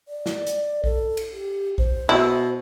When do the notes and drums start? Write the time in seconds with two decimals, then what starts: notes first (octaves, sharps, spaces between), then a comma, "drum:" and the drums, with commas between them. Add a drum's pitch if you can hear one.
0.08 D5
0.26 drum: snare
0.47 drum: hi-hat
0.84 A4, drum: kick B1
1.17 drum: cymbal
1.33 G4
1.78 C5, drum: kick B1
2.09 B2 E4